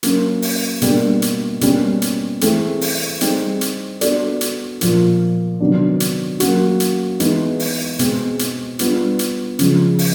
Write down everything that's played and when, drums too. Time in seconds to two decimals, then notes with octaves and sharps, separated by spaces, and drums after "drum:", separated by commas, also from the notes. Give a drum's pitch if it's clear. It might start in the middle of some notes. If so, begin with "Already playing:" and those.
0.03 F#3 A#3 C#4, drum: hi-hat
0.42 drum: open hi-hat
0.82 B2 G3 A#3 D4, drum: hi-hat
1.22 drum: hi-hat
1.61 B2 G3 A#3 C#4, drum: hi-hat
2.02 drum: hi-hat
2.41 E3 A3 C4 E4 G#4, drum: hi-hat
2.81 drum: open hi-hat
3.21 G3 C4 D#4 G#4, drum: hi-hat
3.61 drum: hi-hat
4.01 B3 D4 F#4 A4 D5, drum: hi-hat
4.41 drum: hi-hat
4.81 A#2 F3 A#3, drum: hi-hat
5.60 C3 D#3 F#3 B3 D4
6.00 drum: hi-hat
6.40 F#3 A#3 C#4 F#4, drum: hi-hat
6.80 drum: hi-hat
7.20 E3 G#3 B3 D#4, drum: hi-hat
7.60 drum: open hi-hat
7.99 B2 G#3 C4, drum: hi-hat
8.39 drum: hi-hat
8.79 G3 B3 D4 F4, drum: hi-hat
9.19 drum: hi-hat
9.59 C#3 F3 G#3, drum: hi-hat
9.99 drum: open hi-hat